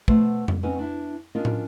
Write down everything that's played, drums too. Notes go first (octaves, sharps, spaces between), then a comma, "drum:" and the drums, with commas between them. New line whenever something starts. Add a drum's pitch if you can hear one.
B2 A3 F#4 B4 C5, drum: kick
drum: tom F2
C4 C#4 D#4 F#4 B4 G#5
D4 E4
C#4 D4 F4 A#4 D#5
drum: tom A2